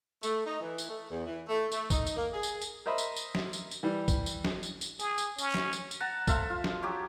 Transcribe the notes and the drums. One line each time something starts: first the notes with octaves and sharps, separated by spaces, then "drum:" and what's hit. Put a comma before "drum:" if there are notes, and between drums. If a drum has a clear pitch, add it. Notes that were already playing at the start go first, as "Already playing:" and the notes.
A3, drum: tambourine
D#4
E3
drum: tambourine
A3
E2
E3
A3
A3, drum: tambourine
D#4, drum: kick, tambourine
drum: tambourine
A#3
G#4
drum: tambourine
drum: tambourine
A#4 C5 D#5 E5 B5
drum: tambourine
drum: tambourine
drum: snare
drum: tambourine
drum: tambourine
E3 G3
drum: kick, tambourine
drum: tambourine
drum: snare
drum: tambourine
drum: tambourine
G#4, drum: tambourine
drum: tambourine
C#4, drum: tambourine
drum: snare
drum: tambourine
drum: tambourine
F#5 A5 A#5
A4 C5 E5 F5, drum: kick, tambourine
F4
drum: snare
F#3 G4 C#5 D6